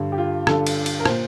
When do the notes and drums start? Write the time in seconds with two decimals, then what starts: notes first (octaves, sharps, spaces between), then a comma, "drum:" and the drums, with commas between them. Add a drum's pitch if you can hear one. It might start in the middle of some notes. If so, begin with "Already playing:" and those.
Already playing: G2 D3
0.12 G4
0.18 F4
0.47 G2 D3 A4, drum: rim click
0.67 drum: cymbal
0.86 drum: cymbal
1.00 A#4
1.05 A#2 C5, drum: rim click